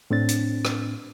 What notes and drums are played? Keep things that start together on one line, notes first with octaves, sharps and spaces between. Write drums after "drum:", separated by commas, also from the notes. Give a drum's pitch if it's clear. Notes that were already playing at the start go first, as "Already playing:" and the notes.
A2 C4 D4 A6
drum: hi-hat
drum: rim click